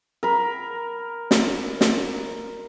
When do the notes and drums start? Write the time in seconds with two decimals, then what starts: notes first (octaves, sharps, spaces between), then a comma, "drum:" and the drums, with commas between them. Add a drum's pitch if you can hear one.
0.23 A#4 B5
1.31 drum: snare
1.81 drum: snare